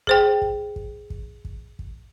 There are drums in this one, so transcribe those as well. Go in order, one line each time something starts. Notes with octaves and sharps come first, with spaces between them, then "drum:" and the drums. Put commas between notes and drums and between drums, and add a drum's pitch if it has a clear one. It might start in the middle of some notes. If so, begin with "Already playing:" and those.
G#4 C5 G5, drum: kick
drum: kick
drum: kick
drum: kick
drum: kick
drum: kick